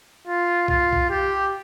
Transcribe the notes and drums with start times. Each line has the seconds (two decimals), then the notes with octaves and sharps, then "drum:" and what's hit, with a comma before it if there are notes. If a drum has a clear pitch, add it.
0.27 F4
0.68 F4, drum: kick B1
0.93 drum: kick B1
1.10 G4